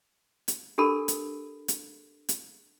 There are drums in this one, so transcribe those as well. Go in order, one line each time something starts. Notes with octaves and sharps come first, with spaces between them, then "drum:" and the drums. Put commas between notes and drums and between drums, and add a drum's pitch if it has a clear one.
drum: hi-hat
D4 G4 A4 A#4 B5
drum: hi-hat
drum: hi-hat
drum: hi-hat